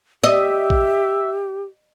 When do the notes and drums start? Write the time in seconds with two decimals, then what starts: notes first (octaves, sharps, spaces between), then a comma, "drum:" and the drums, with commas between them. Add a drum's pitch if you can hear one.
0.24 G4 D#5 E5, drum: snare
0.70 drum: kick